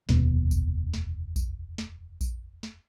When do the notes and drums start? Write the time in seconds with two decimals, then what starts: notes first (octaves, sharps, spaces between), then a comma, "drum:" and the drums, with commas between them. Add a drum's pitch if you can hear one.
0.09 F1 D#2 B2 B3, drum: snare
0.51 drum: kick A#1, tambourine
0.94 drum: snare
1.36 drum: kick A#1, tambourine
1.78 drum: snare
2.21 drum: kick A#1, tambourine
2.63 drum: snare